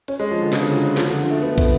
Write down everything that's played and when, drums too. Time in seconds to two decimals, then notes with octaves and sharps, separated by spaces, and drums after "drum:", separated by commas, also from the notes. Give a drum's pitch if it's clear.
0.08 C#4, drum: hi-hat
0.19 G#3
0.31 F3
0.42 D3
0.53 C#3, drum: snare
0.64 D3
0.75 F#3
0.87 F#3
0.97 F3, drum: snare
1.09 D3
1.20 F3
1.31 A3
1.42 B3
1.58 A3, drum: kick, hi-hat